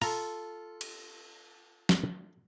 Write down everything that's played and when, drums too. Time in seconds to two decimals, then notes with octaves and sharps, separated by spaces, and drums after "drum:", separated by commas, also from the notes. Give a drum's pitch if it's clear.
0.02 F4 A4 A#5, drum: open hi-hat
0.81 drum: cymbal
1.89 drum: snare